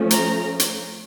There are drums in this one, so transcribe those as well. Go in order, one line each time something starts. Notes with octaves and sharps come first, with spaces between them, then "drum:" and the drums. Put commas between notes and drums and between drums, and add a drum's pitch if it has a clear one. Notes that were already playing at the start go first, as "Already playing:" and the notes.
Already playing: F3 A3 C#4
A#5, drum: hi-hat
drum: hi-hat